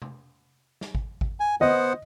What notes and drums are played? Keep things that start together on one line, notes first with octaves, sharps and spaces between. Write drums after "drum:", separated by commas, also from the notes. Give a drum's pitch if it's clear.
drum: tom C3
drum: snare
drum: kick G#1
drum: kick G#1
G#5
B3 C5 D#5 F#5, drum: tom D3